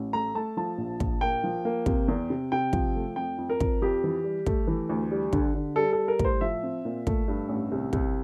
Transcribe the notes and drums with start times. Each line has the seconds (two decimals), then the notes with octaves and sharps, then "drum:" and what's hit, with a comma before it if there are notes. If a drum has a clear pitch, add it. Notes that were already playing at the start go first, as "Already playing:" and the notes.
Already playing: A1
0.13 A3 A#5
0.35 A3 A5
0.57 F3 A5
0.78 A#1
1.00 A#1, drum: kick
1.21 A#3 G5
1.44 F3
1.65 A#3
1.86 C3, drum: kick
2.08 E2
2.30 C3
2.52 C3 G5
2.73 F3, drum: kick
2.96 A3
3.16 F2 G5
3.38 F2
3.50 A#4
3.60 F2, drum: kick
3.82 F2 G4
4.04 E3
4.24 G3
4.46 A3, drum: kick
4.67 E3
4.89 D2
5.11 G3
5.33 D3, drum: kick
5.55 D3
5.76 G3 A4
5.93 G3 A4
6.08 A#4
6.19 A2, drum: kick
6.25 C5
6.41 F3 E5
6.63 C4
6.85 A#2
7.07 A3, drum: kick
7.28 G2
7.49 A1
7.72 C2
7.93 C2, drum: kick